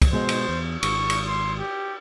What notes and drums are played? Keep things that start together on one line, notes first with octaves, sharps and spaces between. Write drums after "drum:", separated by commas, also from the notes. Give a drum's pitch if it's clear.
drum: kick, cymbal
B2 G#3 C5
drum: cymbal
E2
G#1 C#6, drum: cymbal
drum: cymbal
C6
G4